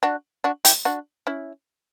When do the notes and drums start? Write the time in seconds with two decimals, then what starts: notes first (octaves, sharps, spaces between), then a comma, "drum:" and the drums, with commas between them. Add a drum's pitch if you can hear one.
0.03 D4 F#4
0.44 D4 F#4
0.65 E4 G4, drum: hi-hat
0.85 D4 F#4
1.27 C#4 E4